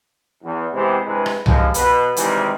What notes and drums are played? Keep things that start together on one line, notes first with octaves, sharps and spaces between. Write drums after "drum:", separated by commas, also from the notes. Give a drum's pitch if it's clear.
E2
C3 E3 G#3 B3 G4 C5
G2 C3 G#3 E4 B4
drum: rim click
D#2 F3 G#3, drum: tom C2
B2 B4, drum: hi-hat
C3 D#3 E3 G3 G#3, drum: hi-hat